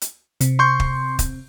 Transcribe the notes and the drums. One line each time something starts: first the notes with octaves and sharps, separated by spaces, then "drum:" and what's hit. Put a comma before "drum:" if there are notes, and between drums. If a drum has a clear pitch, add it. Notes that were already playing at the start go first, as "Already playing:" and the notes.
drum: hi-hat
C3, drum: hi-hat
C6 C#6 G6
drum: kick
drum: kick, hi-hat